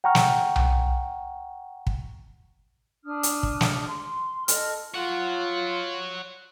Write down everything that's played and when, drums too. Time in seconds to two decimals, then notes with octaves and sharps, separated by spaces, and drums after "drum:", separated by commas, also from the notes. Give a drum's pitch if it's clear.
0.04 F#5 G5 A#5 C#6 F6
0.15 drum: snare
0.56 drum: tom B1
1.87 drum: kick
3.04 D4 D#6 F6
3.23 drum: hi-hat
3.43 drum: kick
3.61 drum: snare
3.86 C6
4.48 A4 D#5 F6, drum: hi-hat
4.94 F4 C#5 F#5